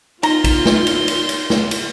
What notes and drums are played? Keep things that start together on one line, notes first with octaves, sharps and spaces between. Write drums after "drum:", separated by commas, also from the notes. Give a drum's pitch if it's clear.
B3 D#4 F4 A#5 C6, drum: cymbal
drum: kick A#1, cymbal
drum: snare
drum: cymbal
drum: cymbal
drum: cymbal
drum: snare
drum: cymbal